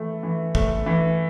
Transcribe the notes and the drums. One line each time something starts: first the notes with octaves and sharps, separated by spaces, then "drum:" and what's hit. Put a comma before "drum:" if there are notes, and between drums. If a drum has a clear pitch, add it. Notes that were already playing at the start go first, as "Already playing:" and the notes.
Already playing: E3 A3
E3
A3, drum: kick
E3